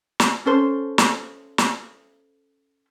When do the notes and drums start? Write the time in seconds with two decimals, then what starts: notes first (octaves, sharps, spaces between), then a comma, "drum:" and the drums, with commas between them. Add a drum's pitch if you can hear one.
0.20 drum: snare
0.46 C#4 A4 C5
0.98 drum: snare
1.58 drum: snare